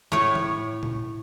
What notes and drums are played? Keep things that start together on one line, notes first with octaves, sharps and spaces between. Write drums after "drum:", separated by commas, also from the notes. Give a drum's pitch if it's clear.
A2 C#5
drum: tom
drum: tom